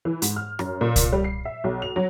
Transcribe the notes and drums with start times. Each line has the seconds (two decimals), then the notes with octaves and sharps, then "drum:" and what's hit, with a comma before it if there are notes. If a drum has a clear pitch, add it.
0.05 E3
0.22 G#2, drum: hi-hat
0.36 F6
0.59 F#2, drum: rim click
0.81 A#2
0.96 drum: kick C2, hi-hat
1.12 G3
1.24 C7
1.45 E5
1.64 B1
1.82 F7
1.96 F#3